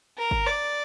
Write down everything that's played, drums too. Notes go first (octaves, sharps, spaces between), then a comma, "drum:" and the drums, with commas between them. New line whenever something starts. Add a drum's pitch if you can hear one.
A#4
drum: kick G1
D5